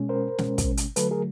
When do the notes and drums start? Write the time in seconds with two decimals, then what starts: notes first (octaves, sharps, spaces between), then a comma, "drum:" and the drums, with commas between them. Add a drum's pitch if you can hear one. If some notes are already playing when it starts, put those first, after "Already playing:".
Already playing: B2 G#3 C#4
0.09 A#4 C5
0.38 B2 G#3 C#4, drum: snare
0.58 drum: kick, hi-hat
0.77 drum: hi-hat
0.96 D3 F#3 A3 A4 B4, drum: hi-hat
1.11 G#4 A#4